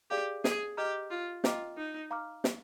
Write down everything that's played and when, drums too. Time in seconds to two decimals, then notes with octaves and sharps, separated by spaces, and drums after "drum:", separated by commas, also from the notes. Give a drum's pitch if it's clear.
0.10 G4 G#4 D5 F5
0.44 G#4, drum: snare
0.77 G4 D#5 A#5 F6
1.10 F4
1.44 F4 D#5 G5 A#5 D6, drum: snare
1.77 D#4
2.11 F5 A#5 D6 F6
2.44 drum: snare